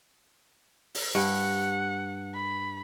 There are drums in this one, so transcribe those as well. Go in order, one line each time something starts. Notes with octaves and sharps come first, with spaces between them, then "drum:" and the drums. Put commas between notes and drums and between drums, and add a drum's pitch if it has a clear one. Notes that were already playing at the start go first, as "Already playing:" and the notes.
drum: open hi-hat
G2 F#5
B5